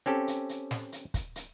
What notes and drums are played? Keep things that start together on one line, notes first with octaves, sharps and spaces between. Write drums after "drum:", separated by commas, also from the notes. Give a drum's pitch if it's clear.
C4 C#4 G4 A4
drum: hi-hat
drum: hi-hat
drum: snare
drum: hi-hat
drum: kick, hi-hat
drum: hi-hat